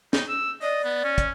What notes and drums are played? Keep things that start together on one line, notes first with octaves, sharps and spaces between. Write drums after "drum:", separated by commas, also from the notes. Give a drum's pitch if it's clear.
D#4, drum: snare
E6
D5 D#5
B3
C#4
drum: kick, hi-hat